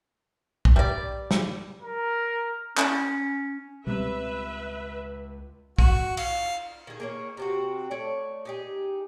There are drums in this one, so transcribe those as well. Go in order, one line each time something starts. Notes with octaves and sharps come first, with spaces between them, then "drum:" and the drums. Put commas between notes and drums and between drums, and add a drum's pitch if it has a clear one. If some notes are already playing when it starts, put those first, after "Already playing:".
drum: kick
G3 D5
drum: snare
A#4
C#4, drum: clap
C#2 B2 G3 C4 B4 E5
F#4, drum: kick
F5, drum: cymbal
D#3 G#4
A#3 G#4 C#5
C3 C4 F#4
A3 C#5 D5
D#4 G4 G#4